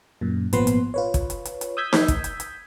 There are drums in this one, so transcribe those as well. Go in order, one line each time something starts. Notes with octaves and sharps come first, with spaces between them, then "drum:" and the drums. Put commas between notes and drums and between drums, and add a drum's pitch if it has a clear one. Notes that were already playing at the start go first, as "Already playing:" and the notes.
F#2 A#2
G#1 A#2 F3 B3 B4 C6, drum: hi-hat
drum: hi-hat
F4 B4 C#5
drum: kick, hi-hat
drum: hi-hat
drum: hi-hat
drum: hi-hat
D#6 E6 G6 G#6 B6
drum: snare D#4
drum: kick, hi-hat
drum: hi-hat
drum: hi-hat